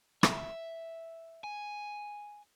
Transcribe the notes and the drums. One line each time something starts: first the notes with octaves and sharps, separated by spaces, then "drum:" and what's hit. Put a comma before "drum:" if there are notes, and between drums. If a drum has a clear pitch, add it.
E5, drum: rim click
G#5